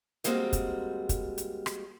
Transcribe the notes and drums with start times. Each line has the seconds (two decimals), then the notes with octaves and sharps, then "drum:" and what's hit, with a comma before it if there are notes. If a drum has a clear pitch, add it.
0.24 D#3 G3 G#3 A#3 C4 F#4, drum: hi-hat
0.53 drum: kick, hi-hat
1.09 drum: kick, hi-hat
1.38 drum: hi-hat
1.66 drum: rim click